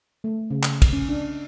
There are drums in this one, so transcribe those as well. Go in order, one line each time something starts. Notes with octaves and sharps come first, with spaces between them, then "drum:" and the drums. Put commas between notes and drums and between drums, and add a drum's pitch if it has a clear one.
A3
C#3
C#3, drum: clap
drum: kick, cymbal
C#4
D4